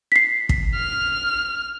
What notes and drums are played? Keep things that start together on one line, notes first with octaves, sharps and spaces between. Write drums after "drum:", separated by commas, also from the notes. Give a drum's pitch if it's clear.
B6 C7
drum: kick
F6